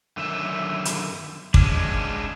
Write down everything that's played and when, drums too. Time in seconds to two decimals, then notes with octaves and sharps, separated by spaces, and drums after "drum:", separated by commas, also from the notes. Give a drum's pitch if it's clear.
0.17 F#2 D3 D#3 E5
0.85 drum: hi-hat
1.54 G#3 C#4 D4, drum: kick